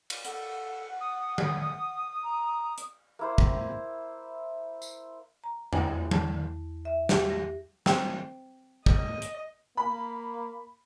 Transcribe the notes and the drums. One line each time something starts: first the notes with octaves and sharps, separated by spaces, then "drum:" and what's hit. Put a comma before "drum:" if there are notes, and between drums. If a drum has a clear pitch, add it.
drum: cymbal
A4 F#5, drum: hi-hat
D#6
drum: tom E3
A#5
drum: hi-hat
A#3 E4 C5
drum: kick
drum: tambourine
A#5
E2, drum: tom F2
A5, drum: tom E3
E5
G4, drum: snare
A#6
C4, drum: snare
D#5, drum: kick
drum: hi-hat
A#3 B5